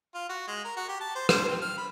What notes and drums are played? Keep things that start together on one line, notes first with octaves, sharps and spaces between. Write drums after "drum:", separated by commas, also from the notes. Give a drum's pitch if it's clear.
F4
F#4
G#3
A#4
F#4
G4
A5
C5
C5, drum: rim click
C4
F6
B5